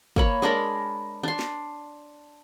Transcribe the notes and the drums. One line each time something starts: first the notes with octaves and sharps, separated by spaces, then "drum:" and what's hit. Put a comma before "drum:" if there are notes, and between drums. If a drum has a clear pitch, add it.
A#3 C#5 B5, drum: kick
G#3 D4 A#4 B5
D4 C6
drum: snare